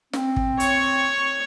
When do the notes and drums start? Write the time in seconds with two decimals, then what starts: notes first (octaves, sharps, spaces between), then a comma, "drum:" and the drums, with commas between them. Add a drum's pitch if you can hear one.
0.13 C4, drum: snare
0.36 drum: kick
0.60 C#5 C#6, drum: hi-hat